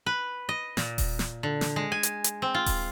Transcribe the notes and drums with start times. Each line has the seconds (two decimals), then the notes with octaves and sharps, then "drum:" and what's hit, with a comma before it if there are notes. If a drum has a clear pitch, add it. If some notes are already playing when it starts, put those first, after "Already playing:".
0.06 B4
0.49 D#5
0.77 A#2, drum: snare
0.98 drum: kick D#1, open hi-hat
1.19 drum: snare
1.43 D3
1.61 drum: snare
1.76 G#3
1.92 G#5
2.03 drum: hi-hat
2.24 drum: hi-hat
2.42 C4
2.54 F4
2.66 drum: kick D#1, open hi-hat